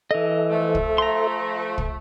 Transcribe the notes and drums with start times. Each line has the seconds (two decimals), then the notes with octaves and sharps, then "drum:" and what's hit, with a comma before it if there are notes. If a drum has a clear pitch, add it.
0.11 E3 A4 D#5 E5
0.50 F3 A3
0.75 drum: kick
0.98 A#5 C6
1.78 drum: kick